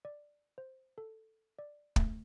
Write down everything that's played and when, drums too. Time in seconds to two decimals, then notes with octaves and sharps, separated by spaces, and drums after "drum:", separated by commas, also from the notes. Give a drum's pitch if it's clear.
0.05 D5
0.58 C5
0.98 A4
1.59 D5
1.96 A3, drum: kick